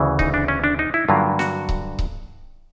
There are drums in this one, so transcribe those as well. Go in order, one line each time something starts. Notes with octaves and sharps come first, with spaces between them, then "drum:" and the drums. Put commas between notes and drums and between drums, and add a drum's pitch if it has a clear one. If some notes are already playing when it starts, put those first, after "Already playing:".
Already playing: D2 C#3 E3
D#4, drum: kick C#1
D4
C#4
D4
D#4
E4
G2 D3 F#3 A#3 F4
F#4, drum: snare
drum: kick C#1
drum: kick C#1